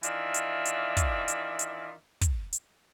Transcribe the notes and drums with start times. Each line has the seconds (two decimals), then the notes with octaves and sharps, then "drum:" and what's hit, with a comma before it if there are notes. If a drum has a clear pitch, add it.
0.03 D#3 E3 D4 F4 D#5 E5, drum: hi-hat
0.34 drum: hi-hat
0.65 drum: hi-hat
0.97 drum: kick, hi-hat
1.28 drum: hi-hat
1.59 drum: hi-hat
2.21 drum: kick, hi-hat
2.53 drum: hi-hat